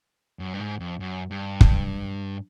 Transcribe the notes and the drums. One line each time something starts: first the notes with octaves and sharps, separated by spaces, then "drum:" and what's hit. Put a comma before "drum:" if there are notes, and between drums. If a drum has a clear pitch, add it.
F#2
G2
G#2
F2
F#2
G2
drum: kick